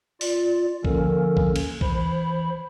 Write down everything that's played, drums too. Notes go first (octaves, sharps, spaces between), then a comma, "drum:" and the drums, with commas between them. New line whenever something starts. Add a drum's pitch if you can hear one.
F4 D5, drum: open hi-hat
D3 F3 A#3 C#4 A4 A#4, drum: kick B1
drum: kick B1
drum: cymbal
E3 C5 B5, drum: kick B1